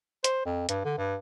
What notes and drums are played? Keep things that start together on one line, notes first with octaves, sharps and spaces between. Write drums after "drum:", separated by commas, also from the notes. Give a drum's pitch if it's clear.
C5, drum: hi-hat
F2
G2, drum: hi-hat
D3
G2